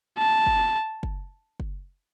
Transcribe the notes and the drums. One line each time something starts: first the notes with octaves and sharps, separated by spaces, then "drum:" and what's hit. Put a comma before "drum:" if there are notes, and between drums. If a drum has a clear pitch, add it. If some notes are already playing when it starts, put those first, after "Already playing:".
A5
drum: kick F#1
drum: kick F#1
drum: kick F#1